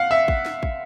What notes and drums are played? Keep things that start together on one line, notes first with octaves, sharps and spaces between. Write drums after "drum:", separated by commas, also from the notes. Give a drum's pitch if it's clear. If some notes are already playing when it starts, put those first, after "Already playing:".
Already playing: F5 F#5
E5
drum: kick
drum: snare
drum: kick